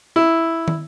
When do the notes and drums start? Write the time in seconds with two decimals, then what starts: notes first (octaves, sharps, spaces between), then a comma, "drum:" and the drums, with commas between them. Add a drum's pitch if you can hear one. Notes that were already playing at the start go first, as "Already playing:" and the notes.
0.16 E4
0.68 drum: tom